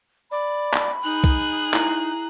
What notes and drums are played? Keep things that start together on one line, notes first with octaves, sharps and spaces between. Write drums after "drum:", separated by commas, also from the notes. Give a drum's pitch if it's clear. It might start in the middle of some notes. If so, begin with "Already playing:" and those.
D5 B5
drum: clap
D#4 G#4 F#6
drum: kick C2, hi-hat
E4 A#5, drum: clap